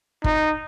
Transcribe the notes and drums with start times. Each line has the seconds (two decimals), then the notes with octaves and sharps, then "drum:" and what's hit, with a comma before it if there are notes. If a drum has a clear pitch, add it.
0.24 D#4, drum: kick